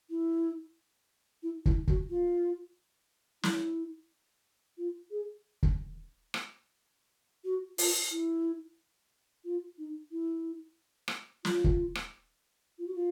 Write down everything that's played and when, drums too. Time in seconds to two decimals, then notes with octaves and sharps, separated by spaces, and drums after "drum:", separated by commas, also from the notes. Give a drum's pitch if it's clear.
0.10 E4
1.43 E4
1.66 E4, drum: kick
1.87 F#4, drum: kick
2.10 F4
3.43 E4, drum: snare
4.78 F4
5.11 G#4
5.63 drum: kick
6.34 drum: rim click
7.44 F#4
7.78 F4, drum: open hi-hat
8.11 E4
9.45 F4
9.78 D#4
10.11 E4
11.08 drum: rim click
11.45 F4, drum: snare
11.64 drum: kick
11.95 drum: rim click
12.79 F4
12.87 F#4
12.95 F4